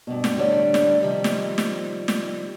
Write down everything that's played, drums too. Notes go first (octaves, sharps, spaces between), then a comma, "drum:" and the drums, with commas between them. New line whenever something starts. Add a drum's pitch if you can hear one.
G2 B2
drum: snare
A2 D3 G3 C#5 D5
drum: snare
C3 D#3 F3 G3
drum: snare
drum: snare
drum: snare